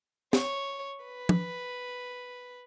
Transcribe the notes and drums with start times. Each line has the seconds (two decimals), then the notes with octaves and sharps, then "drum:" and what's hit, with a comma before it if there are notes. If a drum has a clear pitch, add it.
0.33 C#5, drum: snare
1.04 B4
1.29 drum: tom